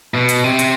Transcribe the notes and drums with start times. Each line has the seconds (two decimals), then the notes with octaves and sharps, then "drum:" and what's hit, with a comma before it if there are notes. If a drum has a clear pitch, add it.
0.14 B2
0.29 drum: hi-hat
0.44 C3
0.59 drum: hi-hat